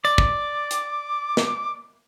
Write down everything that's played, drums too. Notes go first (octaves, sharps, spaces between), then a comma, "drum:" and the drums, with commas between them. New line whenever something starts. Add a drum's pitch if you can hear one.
D5 D6, drum: tambourine
drum: kick
drum: hi-hat
drum: snare